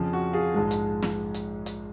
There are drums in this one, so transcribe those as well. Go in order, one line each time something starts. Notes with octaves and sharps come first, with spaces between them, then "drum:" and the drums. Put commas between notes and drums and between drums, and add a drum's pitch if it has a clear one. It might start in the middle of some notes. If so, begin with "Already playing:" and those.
Already playing: F2 C#3 F3
F#4
F4 G#4
A#1 G#2 F3 G#3
drum: hi-hat
drum: snare
drum: hi-hat
drum: hi-hat